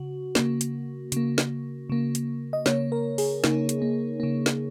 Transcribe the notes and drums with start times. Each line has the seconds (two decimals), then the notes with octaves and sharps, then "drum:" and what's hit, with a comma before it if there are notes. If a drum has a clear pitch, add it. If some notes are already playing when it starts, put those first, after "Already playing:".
Already playing: C#3 F#4
0.35 C#3 A#3, drum: snare
0.61 drum: hi-hat
1.12 C#3 A#3, drum: hi-hat
1.38 drum: snare
1.90 C#3 A#3
2.15 drum: hi-hat
2.53 D#5
2.66 C#3 A#3 C#5, drum: snare
2.92 A#4
3.18 G#4, drum: open hi-hat
3.44 C#3 A#3 D#4, drum: snare
3.69 drum: hi-hat
3.82 A#3
4.20 C#3 A#3
4.46 drum: snare